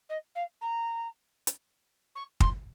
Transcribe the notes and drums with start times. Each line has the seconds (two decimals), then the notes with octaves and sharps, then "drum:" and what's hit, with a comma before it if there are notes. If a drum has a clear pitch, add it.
0.09 D#5
0.35 F5
0.61 A#5
1.47 drum: hi-hat
2.15 C#6
2.40 C6, drum: kick